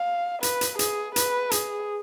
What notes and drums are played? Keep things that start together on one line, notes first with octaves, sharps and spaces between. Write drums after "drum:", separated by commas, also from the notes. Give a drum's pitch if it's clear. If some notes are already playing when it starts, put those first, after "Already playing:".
Already playing: F5
B4, drum: hi-hat
drum: hi-hat
G#4, drum: hi-hat
B4, drum: hi-hat
G#4, drum: hi-hat